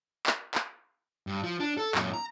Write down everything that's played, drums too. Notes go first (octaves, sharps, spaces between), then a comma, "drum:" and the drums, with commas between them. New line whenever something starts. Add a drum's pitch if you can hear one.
drum: clap
drum: clap
G2
F3
D4
A4
F#2 A#2, drum: clap
A#5